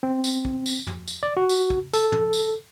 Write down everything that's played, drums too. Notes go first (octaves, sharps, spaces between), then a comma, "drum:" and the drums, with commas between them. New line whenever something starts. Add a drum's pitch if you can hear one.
C4
drum: tambourine
drum: kick
drum: tambourine
drum: tom
drum: tambourine
D5
F#4
drum: tambourine
drum: kick
A4, drum: tambourine
drum: tom
drum: tambourine